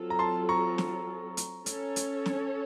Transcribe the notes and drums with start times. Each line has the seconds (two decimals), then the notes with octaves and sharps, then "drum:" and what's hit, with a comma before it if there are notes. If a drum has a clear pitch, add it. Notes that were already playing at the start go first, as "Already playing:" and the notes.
Already playing: F#3 C4 F4 A4
0.10 A#5
0.19 A5 C6
0.49 A#5 C#6
0.78 drum: snare
1.37 drum: hi-hat
1.66 C#4 A4 C#5, drum: hi-hat
1.96 drum: hi-hat
2.26 drum: snare